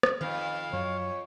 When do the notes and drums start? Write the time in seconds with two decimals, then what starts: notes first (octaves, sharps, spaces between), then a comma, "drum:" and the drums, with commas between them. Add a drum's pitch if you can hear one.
0.03 drum: rim click
0.21 F2 D#3 F5
0.73 F#2 F#3 C#5